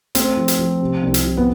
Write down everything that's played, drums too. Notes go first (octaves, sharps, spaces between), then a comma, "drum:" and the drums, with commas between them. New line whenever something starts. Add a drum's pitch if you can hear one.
A3 C4, drum: hi-hat
F3
drum: hi-hat
F3
C3
C2
drum: hi-hat
F3
B3